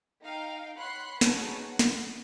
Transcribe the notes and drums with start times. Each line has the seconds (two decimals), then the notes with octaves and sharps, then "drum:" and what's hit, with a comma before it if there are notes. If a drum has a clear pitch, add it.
0.22 D#4 F5 G5
0.77 C#5 F#5 B5 C6 F#6 C7
1.21 D#4 F#4 G#4 B4 C#5 A5, drum: snare
1.61 F#5
1.79 drum: snare